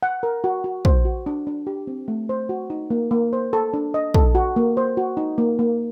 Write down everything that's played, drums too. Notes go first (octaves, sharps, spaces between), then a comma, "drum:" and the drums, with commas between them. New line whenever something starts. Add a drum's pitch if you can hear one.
F#5
A#4
F#4
F#4
C5, drum: kick
F#4
D4
D4
G4
C4
A3
C5
F#4
D#4
A#3
A#3
C5
A4
D4
D#5
A4, drum: kick
F#4
A#3
C5
F#4
D#4
A#3
A#3